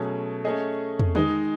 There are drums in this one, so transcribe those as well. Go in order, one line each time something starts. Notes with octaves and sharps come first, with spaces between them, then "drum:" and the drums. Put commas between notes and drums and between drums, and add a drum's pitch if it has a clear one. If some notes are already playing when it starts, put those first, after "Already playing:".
Already playing: B2 F#3 A3 C#4 G#4
A3 C#4 G#4 D#5
drum: tom
D#3 G#3 D#4, drum: tom